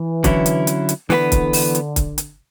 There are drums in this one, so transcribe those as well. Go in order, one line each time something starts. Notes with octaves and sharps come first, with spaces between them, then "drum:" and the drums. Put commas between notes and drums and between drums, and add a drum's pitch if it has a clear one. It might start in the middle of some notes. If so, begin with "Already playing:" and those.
Already playing: E3
D3 F#3 C#4 E4, drum: kick, hi-hat
drum: hi-hat
drum: hi-hat
drum: hi-hat
D3 E3 B3 F#4 B4, drum: snare
drum: kick, hi-hat
drum: open hi-hat
drum: hi-hat
drum: kick, hi-hat
drum: hi-hat